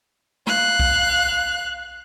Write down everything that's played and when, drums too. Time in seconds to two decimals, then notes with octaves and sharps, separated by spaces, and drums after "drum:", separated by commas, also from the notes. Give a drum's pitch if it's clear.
0.47 F5 F#6, drum: snare
0.80 drum: kick B1